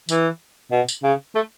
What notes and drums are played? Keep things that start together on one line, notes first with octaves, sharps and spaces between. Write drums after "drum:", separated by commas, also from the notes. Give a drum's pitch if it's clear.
E3, drum: tambourine
B2
drum: tambourine
C#3
A3